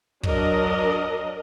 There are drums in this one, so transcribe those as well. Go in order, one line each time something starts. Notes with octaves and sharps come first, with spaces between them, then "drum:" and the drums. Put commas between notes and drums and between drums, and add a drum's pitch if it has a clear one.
F#3 D4 A#4 D#5, drum: kick